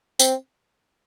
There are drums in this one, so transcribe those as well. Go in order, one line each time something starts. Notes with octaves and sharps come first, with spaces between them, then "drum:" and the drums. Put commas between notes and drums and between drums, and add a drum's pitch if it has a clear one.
C4, drum: tambourine